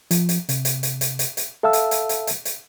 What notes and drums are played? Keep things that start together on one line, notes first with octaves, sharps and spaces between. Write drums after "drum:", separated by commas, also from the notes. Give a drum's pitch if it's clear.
F3, drum: hi-hat
drum: hi-hat
C3, drum: hi-hat
drum: hi-hat
drum: hi-hat
drum: hi-hat
drum: hi-hat
drum: hi-hat
A4 E5 F5 A5 E6
drum: hi-hat
drum: hi-hat
drum: hi-hat
drum: hi-hat
drum: hi-hat